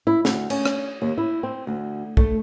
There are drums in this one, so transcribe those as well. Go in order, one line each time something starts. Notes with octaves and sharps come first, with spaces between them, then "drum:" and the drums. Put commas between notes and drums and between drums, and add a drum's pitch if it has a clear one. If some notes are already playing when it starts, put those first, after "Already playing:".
E4
D2, drum: snare
C#4, drum: cymbal
drum: rim click
D#2
E4
C4
D2
A3, drum: kick